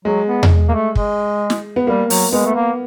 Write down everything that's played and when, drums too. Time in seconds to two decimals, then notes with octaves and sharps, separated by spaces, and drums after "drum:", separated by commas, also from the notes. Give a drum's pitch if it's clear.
0.05 F#3 G#3
0.28 B3
0.43 drum: tom E2
0.69 A#3
0.74 A3
0.95 G#3, drum: kick
1.50 drum: snare
1.76 B3
1.87 G3 A#3
2.10 F#3, drum: open hi-hat
2.32 G#3 B3
2.46 A3
2.55 A#3